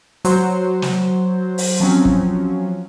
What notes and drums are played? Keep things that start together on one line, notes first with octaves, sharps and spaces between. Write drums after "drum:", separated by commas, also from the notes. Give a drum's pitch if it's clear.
F#3 C5, drum: hi-hat
drum: snare
drum: open hi-hat
F3 F#3 C4 C#4
drum: kick